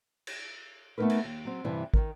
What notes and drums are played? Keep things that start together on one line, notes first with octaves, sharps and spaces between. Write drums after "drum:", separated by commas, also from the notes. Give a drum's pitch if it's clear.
drum: cymbal
A3 B3 C4 D#4 A#4 B4
drum: cymbal
D#2
F#3 C4
G2 C3 E3
D#3 A#4, drum: kick